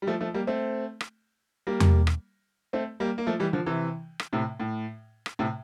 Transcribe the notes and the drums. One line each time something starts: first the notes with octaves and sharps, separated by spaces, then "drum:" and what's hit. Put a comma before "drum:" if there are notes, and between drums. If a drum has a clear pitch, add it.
G3
F3 A3
F3 A3
G3 A#3
A3 C4
drum: rim click
G3 A#3
drum: tom E2
drum: rim click
A3 C4
G3 A#3
A#3
F3 A3
E3 G3
D3 F3
C3 E3
drum: rim click
A2 C3
A2
drum: rim click
A2 C3